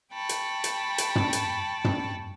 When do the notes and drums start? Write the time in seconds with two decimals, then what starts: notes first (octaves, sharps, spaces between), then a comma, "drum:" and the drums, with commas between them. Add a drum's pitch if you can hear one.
0.12 G5 A5 B5 C#6
0.29 drum: hi-hat
0.64 drum: hi-hat
0.98 drum: hi-hat
1.16 drum: tom
1.33 drum: hi-hat
1.84 drum: tom